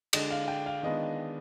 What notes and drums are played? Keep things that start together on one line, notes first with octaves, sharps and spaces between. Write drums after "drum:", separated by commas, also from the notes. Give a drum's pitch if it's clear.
D3 G#3 D4 D#5, drum: cymbal
F5
G5
F5
D#3 G#3 B3 D4 F4 D#5